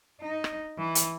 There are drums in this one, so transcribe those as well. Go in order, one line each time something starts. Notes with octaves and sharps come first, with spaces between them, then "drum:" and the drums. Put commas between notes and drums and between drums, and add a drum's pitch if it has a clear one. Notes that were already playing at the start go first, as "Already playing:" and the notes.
D#4
drum: rim click
E3
drum: hi-hat